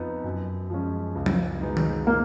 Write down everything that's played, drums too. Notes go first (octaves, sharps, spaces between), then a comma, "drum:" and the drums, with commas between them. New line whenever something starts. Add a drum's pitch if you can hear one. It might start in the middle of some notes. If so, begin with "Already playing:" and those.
Already playing: F2 F3 B3 D#4
F#2
F3 G#3 C#4
C#2
drum: tom F3
B2 G#3 B3 D#4
drum: tom D#3
A#3